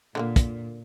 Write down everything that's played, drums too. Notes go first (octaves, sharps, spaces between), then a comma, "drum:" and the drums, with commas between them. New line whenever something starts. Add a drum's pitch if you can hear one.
A#2 D3 F#3 A#3
drum: kick, hi-hat